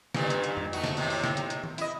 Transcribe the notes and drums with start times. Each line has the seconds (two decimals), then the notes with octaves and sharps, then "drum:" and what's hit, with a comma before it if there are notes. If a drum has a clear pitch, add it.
0.15 G2 A#2 D#3, drum: snare D3
0.30 drum: hi-hat
0.44 drum: hi-hat
0.57 drum: tom F2
0.73 A3 D#4 F#4, drum: hi-hat
0.84 drum: snare D3
0.97 A2 C3 D#3, drum: open hi-hat
1.10 drum: open hi-hat
1.24 drum: snare D3
1.37 drum: hi-hat
1.50 drum: hi-hat
1.64 drum: tom D#3
1.78 E4 D#5, drum: hi-hat